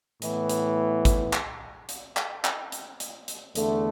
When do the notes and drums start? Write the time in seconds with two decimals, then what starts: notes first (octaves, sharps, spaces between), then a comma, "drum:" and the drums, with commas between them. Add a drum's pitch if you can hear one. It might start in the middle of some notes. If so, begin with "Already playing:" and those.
0.22 A2 E3 B3, drum: hi-hat
0.50 drum: hi-hat
1.05 drum: kick G#1, hi-hat
1.33 drum: clap
1.89 drum: hi-hat
2.17 drum: clap
2.44 drum: clap
2.72 drum: hi-hat
3.00 drum: hi-hat
3.28 drum: hi-hat
3.55 E2 D3 A3, drum: hi-hat